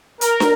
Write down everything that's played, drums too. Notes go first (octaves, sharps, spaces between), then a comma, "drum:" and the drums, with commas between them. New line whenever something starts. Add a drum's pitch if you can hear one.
A#4, drum: hi-hat
drum: snare